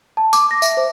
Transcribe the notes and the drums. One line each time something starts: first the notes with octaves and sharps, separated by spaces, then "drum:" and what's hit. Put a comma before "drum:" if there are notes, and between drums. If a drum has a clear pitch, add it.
A5
D6, drum: tambourine
A#6
E5, drum: tambourine
C5